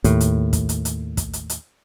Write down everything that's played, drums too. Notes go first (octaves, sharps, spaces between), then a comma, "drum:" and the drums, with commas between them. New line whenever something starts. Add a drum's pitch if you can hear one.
D#2 A2, drum: hi-hat
drum: hi-hat
drum: kick, hi-hat
drum: hi-hat
drum: hi-hat
drum: kick, hi-hat
drum: hi-hat
drum: hi-hat